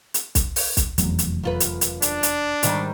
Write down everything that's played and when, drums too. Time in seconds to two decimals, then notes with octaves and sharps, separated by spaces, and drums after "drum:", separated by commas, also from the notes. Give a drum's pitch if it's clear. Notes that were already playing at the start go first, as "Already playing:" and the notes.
0.14 drum: hi-hat
0.35 drum: kick, hi-hat
0.56 drum: open hi-hat
0.77 drum: kick, hi-hat
0.98 F1 E2 F#3, drum: hi-hat
1.19 drum: hi-hat
1.43 F#2 F4 B4
1.60 drum: hi-hat
1.81 drum: hi-hat
2.02 D4, drum: hi-hat
2.23 drum: hi-hat
2.63 G#2 D#3 G3, drum: hi-hat